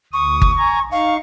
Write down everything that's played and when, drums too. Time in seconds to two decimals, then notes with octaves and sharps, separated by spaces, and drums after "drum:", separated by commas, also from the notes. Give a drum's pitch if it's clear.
0.13 D2 C#6 D#6
0.42 drum: kick G1
0.58 G#5 A#5
0.91 D#4 F5 C#6